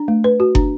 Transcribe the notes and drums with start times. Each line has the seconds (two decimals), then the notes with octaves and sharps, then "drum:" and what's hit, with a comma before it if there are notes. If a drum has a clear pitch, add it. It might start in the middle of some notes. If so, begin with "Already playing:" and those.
Already playing: D4
0.08 A3
0.24 B4
0.40 F#4
0.55 D4, drum: kick